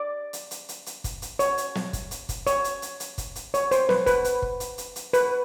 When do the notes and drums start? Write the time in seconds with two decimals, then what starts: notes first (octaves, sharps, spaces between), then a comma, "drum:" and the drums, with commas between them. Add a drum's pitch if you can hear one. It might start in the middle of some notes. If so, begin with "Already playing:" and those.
Already playing: D5
0.33 drum: hi-hat
0.51 drum: hi-hat
0.69 drum: hi-hat
0.86 drum: hi-hat
1.04 drum: kick, hi-hat
1.22 drum: hi-hat
1.39 C#5, drum: hi-hat
1.58 drum: hi-hat
1.75 drum: snare
1.93 drum: kick, hi-hat
2.11 drum: hi-hat
2.29 drum: kick, hi-hat
2.47 C#5, drum: hi-hat
2.64 drum: hi-hat
2.82 drum: hi-hat
3.00 drum: hi-hat
3.18 drum: kick, hi-hat
3.36 drum: hi-hat
3.54 C#5, drum: hi-hat
3.71 C5, drum: hi-hat
3.89 B4, drum: snare
4.06 B4, drum: kick, hi-hat
4.24 drum: hi-hat
4.42 drum: kick
4.60 drum: hi-hat
4.78 drum: hi-hat
4.96 drum: hi-hat
5.13 B4, drum: hi-hat